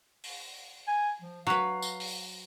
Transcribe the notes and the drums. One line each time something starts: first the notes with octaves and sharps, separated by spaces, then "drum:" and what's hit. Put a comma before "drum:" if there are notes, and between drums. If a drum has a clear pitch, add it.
drum: open hi-hat
G#5
F3
F#3 B4 F5
drum: tambourine
drum: open hi-hat